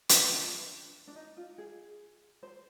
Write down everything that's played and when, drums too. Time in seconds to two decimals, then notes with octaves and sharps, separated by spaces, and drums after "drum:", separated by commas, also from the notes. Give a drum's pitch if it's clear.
0.09 F4, drum: hi-hat
0.31 D4
1.07 D4
1.16 D#4
1.37 F4
1.58 G#4
2.43 C5